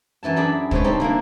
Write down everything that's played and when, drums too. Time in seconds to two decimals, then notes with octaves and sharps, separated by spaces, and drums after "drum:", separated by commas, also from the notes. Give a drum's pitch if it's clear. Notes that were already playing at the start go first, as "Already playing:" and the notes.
0.23 F#2 E3 E4 A5
0.36 D4 G#4 A4 D5 B5
0.71 G#3 C4 G4 B4 C#5, drum: kick
0.84 C3 G3 C4 D#4 A4
1.00 D3 A#3 D#4 E4